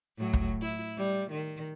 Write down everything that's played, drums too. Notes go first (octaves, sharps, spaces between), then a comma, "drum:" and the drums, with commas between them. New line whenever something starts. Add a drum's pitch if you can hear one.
A2 F#3
drum: kick
E4
G3
D#3